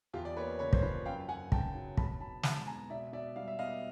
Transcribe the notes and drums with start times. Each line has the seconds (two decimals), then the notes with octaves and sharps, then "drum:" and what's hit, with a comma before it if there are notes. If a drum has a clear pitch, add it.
0.13 E2 F4 G4
0.25 D5
0.37 A#3 B4 C#5
0.59 C#3 B4 C#5
0.73 C5, drum: kick
0.82 F3 B4 C#5
1.06 F#2 F5 G5
1.29 F#2 F#5 G#5
1.52 C#3 G5 A5, drum: kick
1.75 F#3
1.97 B2 A5 B5, drum: kick
2.21 B2 A5 B5
2.43 G#3 A5 B5, drum: snare
2.67 B3 G#5 A#5
2.90 B2 D5 E5
3.13 B2 D5 E5
3.36 G3 F5
3.48 E5
3.59 B3 D#5 F5